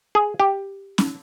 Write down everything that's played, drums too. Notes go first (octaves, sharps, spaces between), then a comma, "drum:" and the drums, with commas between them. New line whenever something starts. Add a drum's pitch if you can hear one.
G#4
G4
drum: snare